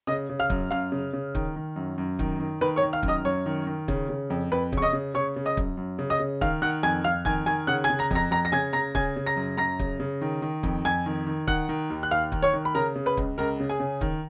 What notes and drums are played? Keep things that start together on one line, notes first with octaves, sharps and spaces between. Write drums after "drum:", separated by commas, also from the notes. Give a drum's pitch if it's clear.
C#3 D#5 D#6
C#3
F5 F6
F#2, drum: kick
F#2 F5 F6
C#3
C#3
D#3, drum: kick
D#3
F#2
F#2
D#3, drum: kick
D#3
D#3 B4 B5
C#5 C#6
D#3
F5 F6
F#2, drum: kick
D#5 D#6
F#2 C#5 C#6
D#3
D#3
C#3, drum: kick
C#3
F2
F2 B4 B5
C#3 C#6, drum: kick
D#5 D#6
C#3
C#3 C#5 C#6
C#3
D#5 D#6
F#2, drum: kick
F#2
C#3
D#5 D#6
C#3
D#3 F5 F6, drum: kick
D#3 F#5 F#6
F2 G#5 G#6
F2 F5 F6
D#3 G#5 G#6, drum: kick
D#3 G#5 G#6
C#3 F#5 F#6
G#5 G#6
C#3
A#5 A#6
F2 A#5 A#6, drum: kick
F2 A#5 A#6
A#6
C#3 G#5 G#6
C#3 A#5 A#6
C#3 G#5 G#6, drum: kick
C#3
A#5 A#6
F#2
F#2 A#5 A#6
C#3, drum: kick
C#3
D#3
D#3
F2, drum: kick
F2 G#5 G#6
D#3
D#3
D#3 F#5 F#6, drum: kick
D#3
D#2
F#6
D#2 F5 F6
D#3, drum: kick
C#5 C#6
D#3
B5
C#3 A#4 A#5
C#3
B4 B5
C#2, drum: kick
C#2 A#4 A#5
C#3
G#4 G#5
C#3
D#3, drum: kick